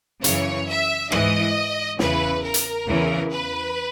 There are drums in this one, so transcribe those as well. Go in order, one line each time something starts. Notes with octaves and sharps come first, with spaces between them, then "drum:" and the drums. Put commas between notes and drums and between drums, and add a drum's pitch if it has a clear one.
F#2 C#3 E3 C#5, drum: hi-hat
E5
G#2 E3 D#5, drum: rim click
E2 C#3 E3 B4, drum: snare
A#4
drum: hi-hat
E2 C#3 E3
B4